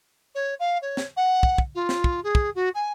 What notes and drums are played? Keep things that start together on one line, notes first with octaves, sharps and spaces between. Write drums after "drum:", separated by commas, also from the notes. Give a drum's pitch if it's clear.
C#5
F5
C#5
drum: snare
F#5
drum: kick
drum: kick
F4
drum: snare
drum: kick
G#4
drum: kick
F#4
G#5